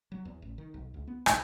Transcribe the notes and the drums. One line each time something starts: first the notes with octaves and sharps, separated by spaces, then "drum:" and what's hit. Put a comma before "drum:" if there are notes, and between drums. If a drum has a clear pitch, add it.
F#3
E2
A1
D#3
B1
C#2
B3
B1, drum: rim click